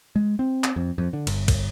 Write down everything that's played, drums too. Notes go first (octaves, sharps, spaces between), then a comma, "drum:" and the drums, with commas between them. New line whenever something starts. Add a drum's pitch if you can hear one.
G#3
C4
drum: clap
F2
F2
D3
G1, drum: cymbal
drum: kick, cymbal